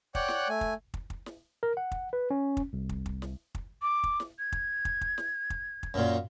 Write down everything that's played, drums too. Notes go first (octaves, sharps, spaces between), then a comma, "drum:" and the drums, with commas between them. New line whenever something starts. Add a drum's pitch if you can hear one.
C#5 D5 F#5 G5 F#6, drum: kick
drum: snare
A3 G#5
drum: kick
drum: kick
drum: kick
drum: snare
A#4
F#5
drum: kick
B4
C#4
drum: kick
C2
drum: kick
drum: kick
drum: snare
drum: kick
D6
drum: kick
drum: snare
G#6
drum: kick
drum: kick
drum: kick
drum: snare
drum: kick
drum: kick
F#2 A#2